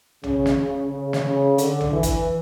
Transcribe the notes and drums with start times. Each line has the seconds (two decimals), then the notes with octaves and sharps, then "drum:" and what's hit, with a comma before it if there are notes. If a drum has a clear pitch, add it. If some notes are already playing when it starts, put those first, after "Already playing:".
0.23 C#3, drum: tom A#1
0.46 drum: snare
0.57 C#3
0.91 C#3
1.13 drum: snare
1.25 C#3
1.58 D3, drum: hi-hat
1.81 drum: tom A#1
1.92 E3
2.03 drum: kick, hi-hat